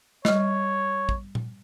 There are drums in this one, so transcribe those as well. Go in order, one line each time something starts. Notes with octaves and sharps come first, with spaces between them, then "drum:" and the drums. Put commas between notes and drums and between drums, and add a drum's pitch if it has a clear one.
G3 C#5 D#5, drum: snare
drum: kick
drum: tom A#2